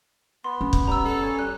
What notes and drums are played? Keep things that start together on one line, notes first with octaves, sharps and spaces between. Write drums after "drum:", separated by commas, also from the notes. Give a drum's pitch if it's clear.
B3 C6
C#4
drum: kick
G3 A#5 E6
A4
C#5 G#5
G3 F#6